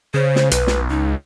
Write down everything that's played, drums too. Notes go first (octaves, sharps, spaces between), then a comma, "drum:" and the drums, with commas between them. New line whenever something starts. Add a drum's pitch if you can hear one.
C#3 C5
drum: snare
B1 B4, drum: hi-hat
drum: snare
C#2 D#4